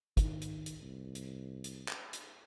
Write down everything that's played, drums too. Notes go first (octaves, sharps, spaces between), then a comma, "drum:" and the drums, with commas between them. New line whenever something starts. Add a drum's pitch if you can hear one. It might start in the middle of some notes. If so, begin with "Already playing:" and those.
D#3, drum: kick, hi-hat
drum: hi-hat
drum: hi-hat
C2
drum: hi-hat
drum: hi-hat
drum: clap
drum: hi-hat